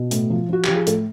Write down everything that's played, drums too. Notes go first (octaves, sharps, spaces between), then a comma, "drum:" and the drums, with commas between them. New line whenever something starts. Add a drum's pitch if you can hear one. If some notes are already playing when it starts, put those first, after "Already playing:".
Already playing: B2
A2, drum: hi-hat
F3
F3 F#4
F3 G4, drum: clap
G#4
A2 A4, drum: hi-hat